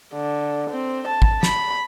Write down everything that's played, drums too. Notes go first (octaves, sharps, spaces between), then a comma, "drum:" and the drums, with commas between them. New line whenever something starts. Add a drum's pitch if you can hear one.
D3
C4
A5
drum: kick
B5, drum: snare